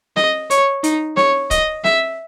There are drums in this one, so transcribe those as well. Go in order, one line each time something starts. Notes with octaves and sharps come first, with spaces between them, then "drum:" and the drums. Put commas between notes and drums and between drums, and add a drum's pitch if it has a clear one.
D#5, drum: snare
C#5, drum: hi-hat
D#4, drum: hi-hat
C#5, drum: snare
D#5, drum: kick, hi-hat
E5, drum: snare